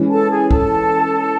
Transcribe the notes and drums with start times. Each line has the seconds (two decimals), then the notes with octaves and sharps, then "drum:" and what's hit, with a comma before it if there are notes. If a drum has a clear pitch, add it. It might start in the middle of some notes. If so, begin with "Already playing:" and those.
Already playing: E3 G#3 C#4
0.09 A4 A5
0.30 G#4 G#5
0.51 A4 A5, drum: kick C2